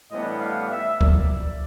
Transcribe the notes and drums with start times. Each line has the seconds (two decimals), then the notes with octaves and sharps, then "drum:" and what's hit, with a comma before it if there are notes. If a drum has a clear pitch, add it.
0.11 A2 E3 G3 B3 D4 D#5
0.41 F5
0.71 E5
1.01 D5, drum: kick C#2